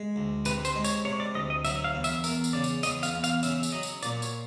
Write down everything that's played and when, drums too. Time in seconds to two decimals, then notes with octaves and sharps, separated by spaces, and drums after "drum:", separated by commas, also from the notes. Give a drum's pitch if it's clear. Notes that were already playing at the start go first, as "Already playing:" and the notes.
Already playing: G#3
0.16 D2
0.45 C3 B4, drum: tambourine
0.65 C5, drum: tambourine
0.75 G#3
0.84 C#5, drum: tambourine
1.05 C3 C#5
1.20 D5
1.35 D2 D#5
1.50 D#5
1.65 F#3 E5, drum: tambourine
1.84 F5
1.94 E2
2.04 E5, drum: tambourine
2.24 E2 A#4, drum: tambourine
2.44 drum: tambourine
2.53 C#3 D5
2.64 drum: tambourine
2.83 E2 D#5, drum: tambourine
3.03 F5, drum: tambourine
3.14 E2
3.24 F5, drum: tambourine
3.43 C#3 E5, drum: tambourine
3.63 drum: tambourine
3.72 F#3 D#5
3.83 drum: tambourine
4.03 A#2 D5, drum: tambourine
4.22 C#5, drum: tambourine